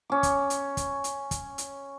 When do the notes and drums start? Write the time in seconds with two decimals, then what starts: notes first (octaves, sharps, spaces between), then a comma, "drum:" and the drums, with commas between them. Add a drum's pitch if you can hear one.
0.10 C#4 D6
0.23 drum: kick, hi-hat
0.50 drum: hi-hat
0.77 drum: kick, hi-hat
1.04 drum: hi-hat
1.31 drum: kick, hi-hat
1.58 drum: hi-hat